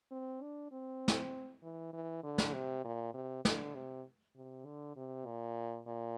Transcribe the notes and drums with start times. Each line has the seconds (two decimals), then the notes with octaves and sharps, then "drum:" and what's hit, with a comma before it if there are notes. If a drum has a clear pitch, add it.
0.11 C4
0.42 D4
0.71 C4
1.08 drum: snare
1.62 E3
1.93 E3
2.23 D3
2.38 drum: snare
2.54 C3
2.84 A#2
3.14 C3
3.45 D3, drum: snare
3.75 C3
4.36 C3
4.65 D3
4.96 C3
5.26 A#2
5.87 A#2